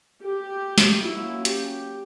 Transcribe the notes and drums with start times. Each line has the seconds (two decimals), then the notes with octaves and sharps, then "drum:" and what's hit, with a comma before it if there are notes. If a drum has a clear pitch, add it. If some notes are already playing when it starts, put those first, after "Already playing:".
0.22 G4
0.78 drum: snare
1.04 F#3 A#3 C#4 E4
1.45 G4, drum: hi-hat